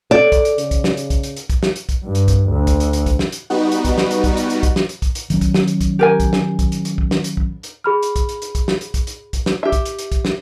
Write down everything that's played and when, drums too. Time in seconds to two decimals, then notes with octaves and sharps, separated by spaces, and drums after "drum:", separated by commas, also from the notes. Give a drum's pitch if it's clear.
0.11 A4 D5
0.32 drum: kick, hi-hat
0.45 drum: hi-hat
0.58 C#3, drum: hi-hat
0.71 drum: kick, hi-hat
0.84 drum: snare
0.97 drum: hi-hat
1.10 drum: kick, hi-hat
1.23 drum: hi-hat
1.36 drum: hi-hat
1.50 drum: kick, hi-hat
1.63 drum: snare
1.76 drum: hi-hat
1.89 drum: kick, hi-hat
2.04 G2
2.15 drum: hi-hat
2.28 drum: kick, hi-hat
2.49 D2
2.67 drum: kick, hi-hat
2.80 drum: hi-hat
2.93 drum: hi-hat
3.06 drum: kick, hi-hat
3.19 drum: snare
3.32 drum: hi-hat
3.50 G3 B3 D#4 F#4
3.72 drum: hi-hat
3.85 drum: kick, hi-hat
3.98 drum: snare
4.11 drum: hi-hat
4.24 drum: kick, hi-hat
4.37 drum: hi-hat
4.50 drum: hi-hat
4.63 drum: kick, hi-hat
4.76 drum: snare
4.89 drum: hi-hat
5.02 drum: kick, hi-hat
5.15 drum: hi-hat
5.30 D#3 F#3 C#4, drum: hi-hat
5.41 drum: kick, hi-hat
5.54 drum: snare
5.67 drum: hi-hat
5.81 drum: kick, hi-hat
5.99 G4 A#4 G#5
6.20 drum: kick, hi-hat
6.33 drum: snare
6.59 drum: kick, hi-hat
6.72 drum: hi-hat
6.85 drum: hi-hat
6.98 drum: kick
7.11 drum: snare
7.24 drum: hi-hat
7.37 drum: kick
7.63 drum: hi-hat
7.84 G#4 B5 F6
8.03 drum: hi-hat
8.16 drum: kick, hi-hat
8.29 drum: hi-hat
8.42 drum: hi-hat
8.55 drum: kick, hi-hat
8.68 drum: snare
8.81 drum: hi-hat
8.94 drum: kick, hi-hat
9.07 drum: hi-hat
9.33 drum: kick, hi-hat
9.46 drum: snare
9.63 G4 E5
9.72 drum: kick, hi-hat
9.85 drum: hi-hat
9.99 drum: hi-hat
10.12 drum: kick, hi-hat
10.25 drum: snare